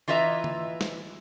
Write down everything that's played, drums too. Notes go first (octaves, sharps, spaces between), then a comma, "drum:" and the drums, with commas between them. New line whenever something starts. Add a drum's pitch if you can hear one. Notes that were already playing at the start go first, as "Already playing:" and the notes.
E3 F4 B4 D#5 E5 A#5
drum: tom
drum: snare